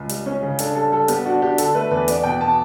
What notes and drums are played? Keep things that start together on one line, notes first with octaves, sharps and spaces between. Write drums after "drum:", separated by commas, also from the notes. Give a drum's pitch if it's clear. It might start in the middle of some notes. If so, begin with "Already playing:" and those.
Already playing: C#2
G3, drum: hi-hat
C#4
C#3
D4 A4, drum: hi-hat
G3 A4
G3 A4
B3 G4, drum: hi-hat
D4 F#4
D4 G4
D3 A4, drum: hi-hat
A3 B4
E2 B4
B3 D5, drum: hi-hat
B2 G5
B3 A5